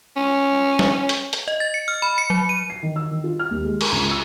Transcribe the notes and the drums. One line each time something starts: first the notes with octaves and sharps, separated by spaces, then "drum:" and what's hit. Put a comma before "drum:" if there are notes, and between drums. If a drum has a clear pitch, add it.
C#4
drum: snare
drum: hi-hat
drum: hi-hat
D#5
A6
C#7
F6
B5
C#7
F#3
D#7
C7
D#3
E6
D#3
F4
F6
D#2
G#3
A#4, drum: cymbal
C#2
E6